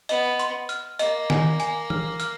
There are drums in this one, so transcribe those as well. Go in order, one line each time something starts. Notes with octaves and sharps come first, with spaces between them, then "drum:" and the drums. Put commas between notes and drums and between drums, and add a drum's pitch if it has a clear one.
B3 D#5, drum: hi-hat
C6, drum: hi-hat
F6, drum: hi-hat
A#3 D#5, drum: hi-hat
G#5, drum: snare
G#5, drum: hi-hat
F6, drum: tom E3
F6, drum: hi-hat